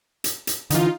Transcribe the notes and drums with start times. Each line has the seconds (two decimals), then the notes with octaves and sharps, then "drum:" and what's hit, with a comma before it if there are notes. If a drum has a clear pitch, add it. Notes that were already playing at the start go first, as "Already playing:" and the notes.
0.24 drum: hi-hat
0.47 drum: hi-hat
0.70 D3 E3 D#4 F4, drum: hi-hat